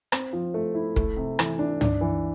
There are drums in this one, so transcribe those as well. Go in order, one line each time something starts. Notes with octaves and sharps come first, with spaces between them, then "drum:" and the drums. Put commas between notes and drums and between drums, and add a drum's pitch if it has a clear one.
C4, drum: rim click
F3
A3
E4
A3, drum: kick
C3
E3, drum: rim click
D4
D4, drum: tom
E3